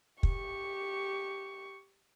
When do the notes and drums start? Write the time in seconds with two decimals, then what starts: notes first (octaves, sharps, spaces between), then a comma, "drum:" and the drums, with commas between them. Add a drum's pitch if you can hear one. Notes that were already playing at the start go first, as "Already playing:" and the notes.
0.23 G4 C#6, drum: kick